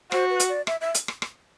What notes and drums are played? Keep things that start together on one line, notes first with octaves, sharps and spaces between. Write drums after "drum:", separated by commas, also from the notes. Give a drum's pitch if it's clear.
F#4 C5, drum: rim click
B4
drum: hi-hat
D5
E5, drum: rim click
E5
drum: hi-hat
drum: rim click
drum: rim click